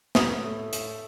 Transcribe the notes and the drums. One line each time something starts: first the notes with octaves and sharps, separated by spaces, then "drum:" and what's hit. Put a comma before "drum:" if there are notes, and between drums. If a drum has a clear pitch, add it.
A2 D#6, drum: snare
A3
A3, drum: hi-hat